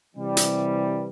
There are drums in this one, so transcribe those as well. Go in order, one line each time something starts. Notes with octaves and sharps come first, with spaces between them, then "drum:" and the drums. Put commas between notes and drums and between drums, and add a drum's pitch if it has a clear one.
C3 E3 G3
drum: hi-hat